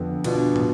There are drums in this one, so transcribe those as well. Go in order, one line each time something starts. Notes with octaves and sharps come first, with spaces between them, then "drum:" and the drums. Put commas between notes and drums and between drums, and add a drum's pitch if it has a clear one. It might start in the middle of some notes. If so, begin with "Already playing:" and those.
Already playing: F2 D3 F3 B3
B2 B3 D4 F4, drum: cymbal
drum: tom